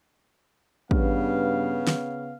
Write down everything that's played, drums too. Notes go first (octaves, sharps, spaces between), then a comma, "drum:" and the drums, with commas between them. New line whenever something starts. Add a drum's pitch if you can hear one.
G2 C#3 B3 F5, drum: kick
drum: snare